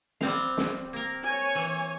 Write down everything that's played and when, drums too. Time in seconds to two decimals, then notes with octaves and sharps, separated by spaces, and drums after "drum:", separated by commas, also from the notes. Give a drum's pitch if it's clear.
0.21 G3 C4 F5, drum: snare
0.57 drum: snare
0.93 A#3 A#4
1.24 C#5 G#5
1.55 E3